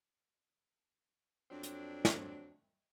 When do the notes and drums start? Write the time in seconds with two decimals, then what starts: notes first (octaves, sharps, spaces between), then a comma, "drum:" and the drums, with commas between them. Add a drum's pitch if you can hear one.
1.51 F2 F#3 C4 D4
1.63 drum: hi-hat
2.05 drum: snare